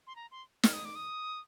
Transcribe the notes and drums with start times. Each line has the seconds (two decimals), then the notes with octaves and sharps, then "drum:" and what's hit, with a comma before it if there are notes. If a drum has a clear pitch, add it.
0.07 C6
0.16 A#5
0.31 C6
0.63 F6, drum: snare
0.73 D#6
0.85 D6
0.95 D#6